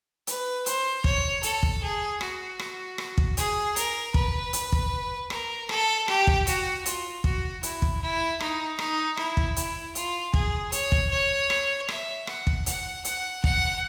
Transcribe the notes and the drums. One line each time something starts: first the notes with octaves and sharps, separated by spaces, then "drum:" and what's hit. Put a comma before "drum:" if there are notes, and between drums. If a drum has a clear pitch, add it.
B4, drum: hi-hat
C5, drum: hi-hat
C#5, drum: kick
A4, drum: hi-hat
drum: kick
G#4
F#4, drum: rim click
drum: rim click
drum: rim click
drum: kick
G#4, drum: hi-hat
A#4, drum: hi-hat
B4, drum: kick
drum: hi-hat
drum: kick
A#4, drum: rim click
A4, drum: rim click
G4, drum: rim click
drum: kick
F#4, drum: hi-hat
F4, drum: hi-hat
F#4, drum: kick
E4, drum: hi-hat
drum: kick
E4
D#4, drum: rim click
D#4, drum: rim click
E4, drum: rim click
drum: kick
E4, drum: hi-hat
F4, drum: hi-hat
G#4, drum: kick
C#5, drum: hi-hat
drum: kick
C#5
drum: rim click
E5, drum: rim click
F#5, drum: rim click
drum: kick
F#5, drum: hi-hat
F#5, drum: hi-hat
F#5, drum: kick